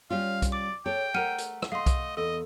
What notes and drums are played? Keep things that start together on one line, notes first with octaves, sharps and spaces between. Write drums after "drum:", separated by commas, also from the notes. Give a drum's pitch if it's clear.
G3 C#4 F4 F5
drum: kick B1, hi-hat
D5 D6
A4 C#5 G5
A3 A#4 F#5 F6 D#7
drum: hi-hat
drum: rim click
A3 D#5 F5 C6
drum: kick B1, hi-hat
E2 A4 D#5